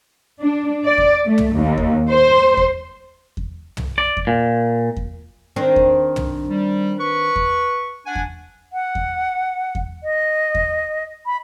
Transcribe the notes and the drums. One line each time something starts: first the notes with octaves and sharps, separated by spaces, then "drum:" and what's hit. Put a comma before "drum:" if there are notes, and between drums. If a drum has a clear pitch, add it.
D4
D5
drum: kick E2
A3
drum: tom
D#2
drum: kick E2
C5
drum: kick E2
drum: kick E2
drum: tom
D5
drum: kick E2
A#2
drum: kick E2
D#3 C4 D4
drum: kick E2
drum: tom
G3
B4 C#6
drum: kick E2
D4 F#5 G#5
drum: kick E2
F#5
drum: kick E2
drum: kick E2
D#5
drum: kick E2
B5